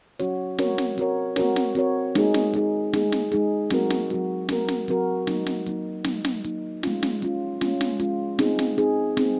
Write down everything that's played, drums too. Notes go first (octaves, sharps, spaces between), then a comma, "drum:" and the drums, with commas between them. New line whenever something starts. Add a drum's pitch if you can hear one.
F#3 C#4 F#4 C#5, drum: hi-hat
C4 F#4 A#4 C#5, drum: snare
drum: snare
C4 F#4 A#4 C#5, drum: hi-hat
C4 F#4 A#4 C#5, drum: snare
drum: snare
C4 F#4 A#4 C#5, drum: hi-hat
G#3 D#4 G#4, drum: snare
drum: snare
G#3 D#4 G#4, drum: hi-hat
G#3 D#4 G#4, drum: snare
drum: snare
G#3 D#4 G#4, drum: hi-hat
F#3 C4 F#4 A#4, drum: snare
drum: snare
F#3 C4 F#4 A#4, drum: hi-hat
F#3 C4 F#4 A#4, drum: snare
drum: snare
F#3 C4 F#4 A#4, drum: hi-hat
F#3 A#3 D#4, drum: snare
drum: snare
F#3 A#3 D#4, drum: hi-hat
F#3 A#3 D#4, drum: snare
drum: snare
F#3 A#3 D#4, drum: hi-hat
G#3 C#4 F4, drum: snare
drum: snare
G#3 C#4 F4, drum: hi-hat
G#3 C#4 F4, drum: snare
drum: snare
G#3 C#4 F4, drum: hi-hat
C4 D#4 G#4, drum: snare
drum: snare
C4 D#4 G#4, drum: hi-hat
C4 D#4 G#4, drum: snare